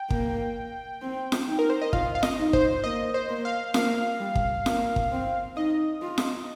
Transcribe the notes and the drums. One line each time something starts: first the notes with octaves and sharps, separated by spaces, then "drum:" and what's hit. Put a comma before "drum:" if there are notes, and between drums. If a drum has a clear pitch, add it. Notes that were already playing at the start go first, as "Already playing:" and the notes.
Already playing: G5
A#3, drum: kick
C4
drum: snare
D#4
A#4
C5
D#5
F4 F5, drum: kick
F5
D#5, drum: snare
D#4
C5, drum: kick
A#3 D#5
C5
A#3
F5
A#3 F5, drum: snare
G3
drum: kick
A#3, drum: snare
drum: kick
C4
D#4 D#5
F4
drum: snare